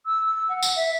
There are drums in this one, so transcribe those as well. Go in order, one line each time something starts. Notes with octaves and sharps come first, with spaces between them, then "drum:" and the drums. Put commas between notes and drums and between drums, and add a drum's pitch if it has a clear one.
E6
E6
F#5
drum: tambourine
E5